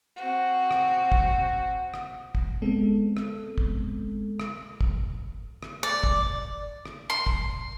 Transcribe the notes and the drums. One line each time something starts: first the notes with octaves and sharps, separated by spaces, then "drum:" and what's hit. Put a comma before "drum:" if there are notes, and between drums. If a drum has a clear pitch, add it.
C4 F#4
drum: rim click
drum: kick
drum: rim click
drum: kick
G#3 B3 C4 A4
drum: rim click
drum: kick
drum: rim click
drum: kick
drum: rim click
D5
drum: kick
drum: rim click
C6
drum: kick